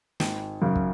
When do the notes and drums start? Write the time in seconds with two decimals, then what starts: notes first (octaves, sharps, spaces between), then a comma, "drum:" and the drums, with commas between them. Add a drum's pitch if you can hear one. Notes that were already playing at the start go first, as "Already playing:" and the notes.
0.20 G#1, drum: snare
0.62 F#2 C#3
0.76 drum: kick